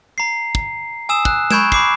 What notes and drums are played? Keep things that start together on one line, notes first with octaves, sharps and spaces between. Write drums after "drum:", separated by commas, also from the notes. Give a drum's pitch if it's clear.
A#5 C7
drum: kick
G#5 D#6 E6 E7
F#6, drum: kick
B5 C#6 G6 G#6 D7 E7, drum: tom G#3
B5 D6 C7, drum: kick